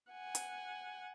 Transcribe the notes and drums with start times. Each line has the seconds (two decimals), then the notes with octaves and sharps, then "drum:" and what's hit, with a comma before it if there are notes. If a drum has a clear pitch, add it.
0.11 F#5 G#5
0.35 drum: hi-hat